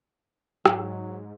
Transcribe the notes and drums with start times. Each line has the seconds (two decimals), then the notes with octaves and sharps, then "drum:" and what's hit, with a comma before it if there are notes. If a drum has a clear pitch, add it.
0.66 G#2 F#3, drum: rim click